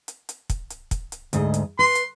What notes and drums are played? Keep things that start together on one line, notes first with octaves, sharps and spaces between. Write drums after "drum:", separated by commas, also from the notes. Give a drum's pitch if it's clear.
drum: hi-hat
drum: hi-hat
drum: kick, hi-hat
drum: hi-hat
drum: kick, hi-hat
drum: hi-hat
D2 G#2 D#5, drum: hi-hat
drum: hi-hat
B4 C6
drum: hi-hat